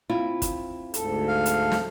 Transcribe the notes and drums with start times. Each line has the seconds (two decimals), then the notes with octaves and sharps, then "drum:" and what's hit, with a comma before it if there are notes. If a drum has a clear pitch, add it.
0.09 C4 E4 F4
0.42 drum: kick, hi-hat
0.94 D2 G#2 A4, drum: hi-hat
1.28 F5
1.46 drum: hi-hat
1.72 drum: snare